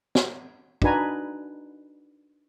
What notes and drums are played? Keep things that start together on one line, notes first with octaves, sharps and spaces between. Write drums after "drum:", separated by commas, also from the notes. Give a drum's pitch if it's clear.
drum: snare
D4 D#4 F#4 B4 G#5 A#5, drum: kick